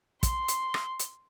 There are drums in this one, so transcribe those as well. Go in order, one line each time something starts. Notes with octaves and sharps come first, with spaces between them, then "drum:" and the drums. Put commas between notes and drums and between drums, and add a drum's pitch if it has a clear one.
C6, drum: kick, hi-hat
drum: hi-hat
drum: rim click
drum: hi-hat